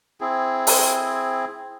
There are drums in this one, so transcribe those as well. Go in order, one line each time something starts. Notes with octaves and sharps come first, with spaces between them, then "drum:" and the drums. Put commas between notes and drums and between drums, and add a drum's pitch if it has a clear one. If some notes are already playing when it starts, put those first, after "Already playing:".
C4 E4 G#4
drum: open hi-hat